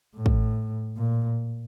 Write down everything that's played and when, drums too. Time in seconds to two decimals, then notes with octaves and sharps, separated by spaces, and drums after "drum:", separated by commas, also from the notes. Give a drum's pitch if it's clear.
0.16 A2
0.26 drum: kick
0.97 A#2